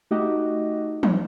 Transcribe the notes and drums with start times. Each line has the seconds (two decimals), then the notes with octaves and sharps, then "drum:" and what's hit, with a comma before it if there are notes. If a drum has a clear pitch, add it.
0.11 A3 D#4 F#4 G4 D#5
1.03 drum: tom